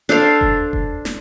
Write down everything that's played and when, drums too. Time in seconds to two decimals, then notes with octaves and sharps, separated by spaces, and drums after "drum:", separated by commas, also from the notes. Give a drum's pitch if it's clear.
0.09 D4 A4 C5 F5
0.41 drum: kick F1
0.73 drum: kick F1
1.05 drum: snare